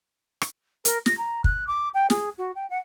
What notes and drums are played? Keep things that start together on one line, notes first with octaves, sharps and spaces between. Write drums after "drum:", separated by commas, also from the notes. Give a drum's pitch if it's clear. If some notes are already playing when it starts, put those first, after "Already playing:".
drum: rim click
A#4, drum: hi-hat
A#6, drum: snare
A#5
F#6, drum: kick
D6
G5
G#4, drum: snare
F#4
G5
F#5